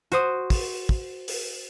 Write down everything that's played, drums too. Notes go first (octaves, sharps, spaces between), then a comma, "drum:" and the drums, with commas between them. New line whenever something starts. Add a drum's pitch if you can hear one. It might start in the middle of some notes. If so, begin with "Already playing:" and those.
F#4 C5 D#6, drum: hi-hat
drum: kick, open hi-hat
drum: kick
drum: open hi-hat